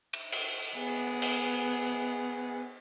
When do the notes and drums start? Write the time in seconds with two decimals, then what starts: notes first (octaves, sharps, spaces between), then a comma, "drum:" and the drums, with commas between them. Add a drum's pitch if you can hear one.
0.13 drum: cymbal
0.32 drum: cymbal
0.62 drum: tambourine
0.76 B3 G#4
1.22 drum: cymbal